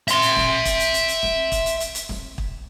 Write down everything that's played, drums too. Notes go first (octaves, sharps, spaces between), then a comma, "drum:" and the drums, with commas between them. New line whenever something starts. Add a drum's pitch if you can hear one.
E5 C6, drum: hi-hat
drum: hi-hat
drum: snare
drum: kick, hi-hat
drum: hi-hat
drum: hi-hat
drum: hi-hat
drum: snare
drum: kick, hi-hat
drum: hi-hat
drum: hi-hat
drum: hi-hat
drum: snare
drum: kick